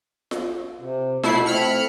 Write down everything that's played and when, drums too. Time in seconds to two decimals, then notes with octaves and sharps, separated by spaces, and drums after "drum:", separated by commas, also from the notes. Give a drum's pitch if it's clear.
0.31 drum: snare F4
0.80 C3
1.23 B2 A3 E4 C7, drum: snare F4
1.46 A3 C4 B5 F6 C#7